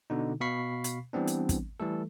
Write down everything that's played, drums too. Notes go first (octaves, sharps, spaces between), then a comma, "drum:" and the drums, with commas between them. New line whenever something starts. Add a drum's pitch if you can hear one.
B2 D3 D#4
B2 F5 B5 C#6 B6 C7
drum: hi-hat
E3 G3 B3 C4 D4
drum: hi-hat
drum: kick, hi-hat
E3 G3 A3 A4